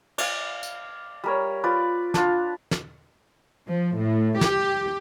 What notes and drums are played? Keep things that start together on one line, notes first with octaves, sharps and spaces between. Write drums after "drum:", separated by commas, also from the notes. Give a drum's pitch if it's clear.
D5 F5, drum: cymbal
drum: tambourine
G3 A#4 C#5
F4 B4 D5
D4 F4, drum: snare
drum: snare
F3
A2
G4, drum: snare